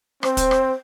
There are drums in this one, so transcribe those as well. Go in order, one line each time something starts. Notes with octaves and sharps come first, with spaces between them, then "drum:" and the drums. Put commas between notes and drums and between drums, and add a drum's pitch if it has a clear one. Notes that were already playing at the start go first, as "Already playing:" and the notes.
C4 C5, drum: rim click
drum: kick, hi-hat
drum: rim click